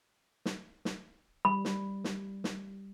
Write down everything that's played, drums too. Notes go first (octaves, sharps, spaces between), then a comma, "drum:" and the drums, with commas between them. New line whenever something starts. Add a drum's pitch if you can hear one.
drum: snare
drum: snare
G3 B5
drum: snare
drum: snare
drum: snare